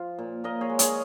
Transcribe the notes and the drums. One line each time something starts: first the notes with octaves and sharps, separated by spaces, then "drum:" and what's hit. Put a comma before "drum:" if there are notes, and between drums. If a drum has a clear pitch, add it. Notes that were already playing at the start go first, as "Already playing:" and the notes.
Already playing: F3 F4
A#2
A#2 A#4 D#5
G#4 C#5
G#3
G#4 C#5, drum: hi-hat